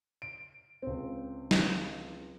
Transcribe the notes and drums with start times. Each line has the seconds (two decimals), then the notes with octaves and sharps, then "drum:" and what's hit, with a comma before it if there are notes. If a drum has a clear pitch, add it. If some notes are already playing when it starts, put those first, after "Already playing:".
0.22 D7
0.82 C#2 C4
1.51 drum: snare